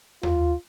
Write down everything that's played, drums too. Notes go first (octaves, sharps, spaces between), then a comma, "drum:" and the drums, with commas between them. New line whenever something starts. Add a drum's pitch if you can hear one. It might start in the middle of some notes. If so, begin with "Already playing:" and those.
F4, drum: tom D#2